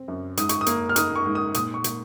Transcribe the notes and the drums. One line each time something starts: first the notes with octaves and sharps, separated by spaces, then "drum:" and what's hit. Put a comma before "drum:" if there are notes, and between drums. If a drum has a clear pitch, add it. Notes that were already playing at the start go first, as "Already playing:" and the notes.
Already playing: C4
F#2
G#2 D#6, drum: hi-hat
C#6, drum: hi-hat
D#6
A#3, drum: hi-hat
F6
D#4 D#6, drum: hi-hat
C#6
G#2
D#6
A#2 D#6, drum: hi-hat
C#6
A#2, drum: hi-hat